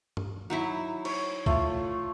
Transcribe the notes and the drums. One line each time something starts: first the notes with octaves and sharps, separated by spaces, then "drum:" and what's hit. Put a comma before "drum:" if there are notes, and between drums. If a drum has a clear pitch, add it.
drum: tom G2
F#3 D#4 E4
C#5, drum: cymbal
A3 F4, drum: kick